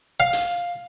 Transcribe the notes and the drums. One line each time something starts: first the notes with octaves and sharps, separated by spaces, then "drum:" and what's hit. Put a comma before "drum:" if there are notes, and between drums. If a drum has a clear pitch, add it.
F5
drum: hi-hat